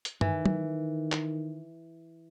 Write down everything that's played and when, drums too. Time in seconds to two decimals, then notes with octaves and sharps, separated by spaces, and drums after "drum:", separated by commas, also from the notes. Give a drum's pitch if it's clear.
0.05 drum: hi-hat
0.21 D#3 E3, drum: tom G2
0.46 drum: tom
1.12 drum: clap